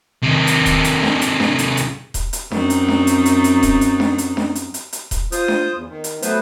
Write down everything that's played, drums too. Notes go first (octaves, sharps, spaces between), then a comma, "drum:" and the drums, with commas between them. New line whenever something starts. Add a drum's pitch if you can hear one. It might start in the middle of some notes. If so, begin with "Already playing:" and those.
C3 D#3
drum: hi-hat
drum: kick D#1, hi-hat
drum: hi-hat
drum: snare D4
drum: hi-hat
drum: snare D4
drum: hi-hat
drum: hi-hat
drum: kick D#1, hi-hat
drum: hi-hat
F#2 C4 D#4, drum: snare D4
drum: hi-hat
drum: snare D4
drum: hi-hat
drum: hi-hat
drum: hi-hat
drum: kick D#1, hi-hat
drum: hi-hat
drum: snare D4
drum: hi-hat
drum: snare D4
drum: hi-hat
drum: hi-hat
drum: hi-hat
drum: kick D#1, hi-hat
F4 C5 D#6, drum: hi-hat
drum: snare D4
E2
D#3
drum: hi-hat
F#3 A3 B3 B4 C5, drum: hi-hat